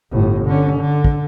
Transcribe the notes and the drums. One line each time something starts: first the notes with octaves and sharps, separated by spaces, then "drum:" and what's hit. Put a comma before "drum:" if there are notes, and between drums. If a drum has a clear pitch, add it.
G1 A2
D3 C#4
D3
drum: kick